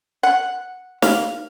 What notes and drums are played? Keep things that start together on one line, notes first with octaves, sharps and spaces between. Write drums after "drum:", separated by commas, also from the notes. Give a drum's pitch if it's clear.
F#5
F5, drum: snare